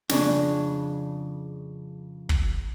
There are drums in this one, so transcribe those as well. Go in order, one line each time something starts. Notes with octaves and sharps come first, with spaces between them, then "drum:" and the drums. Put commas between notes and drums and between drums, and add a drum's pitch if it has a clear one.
F2 C#3 D4, drum: snare
drum: kick